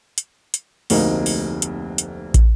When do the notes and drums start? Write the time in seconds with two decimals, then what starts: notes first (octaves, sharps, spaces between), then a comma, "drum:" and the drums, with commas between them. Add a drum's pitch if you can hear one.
0.18 drum: hi-hat
0.54 drum: hi-hat
0.90 F1 D2 A#3 C4 D#4 D#5, drum: open hi-hat
1.26 drum: open hi-hat
1.62 drum: hi-hat
1.98 drum: hi-hat
2.34 drum: kick, hi-hat